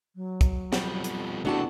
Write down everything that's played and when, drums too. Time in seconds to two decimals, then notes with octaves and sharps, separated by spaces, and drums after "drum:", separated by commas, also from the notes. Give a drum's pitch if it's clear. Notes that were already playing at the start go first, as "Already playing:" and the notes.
0.16 F#3
0.41 drum: kick, hi-hat
0.73 F2 B2 G3, drum: snare
1.04 drum: hi-hat
1.45 E2 C3 A3 D4 F#4 A5